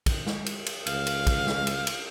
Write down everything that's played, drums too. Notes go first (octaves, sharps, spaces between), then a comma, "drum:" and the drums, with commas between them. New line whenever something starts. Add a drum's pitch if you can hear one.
drum: kick, cymbal
drum: snare
drum: cymbal
drum: cymbal
C#2 F5, drum: cymbal
drum: cymbal
drum: kick, cymbal
drum: snare
drum: cymbal
drum: cymbal